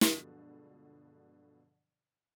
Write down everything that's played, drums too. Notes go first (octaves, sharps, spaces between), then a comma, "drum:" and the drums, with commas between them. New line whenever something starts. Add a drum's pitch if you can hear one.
G2 B2 D3 F3 F#3 G#3, drum: snare